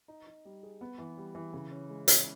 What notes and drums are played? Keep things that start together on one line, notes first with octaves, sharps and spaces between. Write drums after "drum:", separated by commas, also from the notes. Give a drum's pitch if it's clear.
D#4
D#4
G3
G#4
B3
E3
G3
E3
C#3
C#4
G#3
C#4, drum: hi-hat